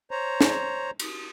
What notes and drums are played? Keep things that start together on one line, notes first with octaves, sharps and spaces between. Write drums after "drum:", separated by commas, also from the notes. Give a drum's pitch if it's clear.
C5 C#5 A#5
drum: snare
drum: cymbal